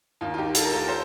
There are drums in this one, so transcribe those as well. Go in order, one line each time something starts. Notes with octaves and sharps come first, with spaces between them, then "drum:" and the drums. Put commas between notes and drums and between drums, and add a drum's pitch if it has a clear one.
D#2 D#3 F4
F4
D#4 G4
F4 A4, drum: hi-hat
A#4
F4 A4
A4 C5